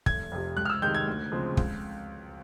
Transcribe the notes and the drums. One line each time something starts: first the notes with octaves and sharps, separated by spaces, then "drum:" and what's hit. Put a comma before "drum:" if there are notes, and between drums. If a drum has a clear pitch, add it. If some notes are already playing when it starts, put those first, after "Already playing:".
F1 G#6, drum: kick
F2 C3
C#2 F#6
F6
E6
C3 D#3 G#3 G6
G#6
D2
C#3 F3 G#3 C4
C#2, drum: kick